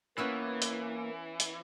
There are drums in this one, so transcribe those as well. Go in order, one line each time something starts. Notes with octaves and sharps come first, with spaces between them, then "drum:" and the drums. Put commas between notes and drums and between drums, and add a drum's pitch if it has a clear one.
E3 A#3 B3 C#4 E4
drum: hi-hat
drum: hi-hat